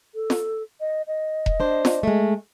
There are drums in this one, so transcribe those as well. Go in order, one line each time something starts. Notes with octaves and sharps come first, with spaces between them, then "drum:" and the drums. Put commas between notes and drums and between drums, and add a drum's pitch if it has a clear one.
A4
drum: snare
D#5
D#5
drum: kick E1
D4 C5
drum: snare
G#3 A3